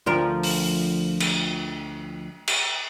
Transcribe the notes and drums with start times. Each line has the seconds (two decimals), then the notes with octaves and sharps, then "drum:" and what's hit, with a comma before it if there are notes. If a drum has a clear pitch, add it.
0.06 D2 F3 A#4
0.43 drum: open hi-hat
1.20 drum: cymbal
2.48 drum: cymbal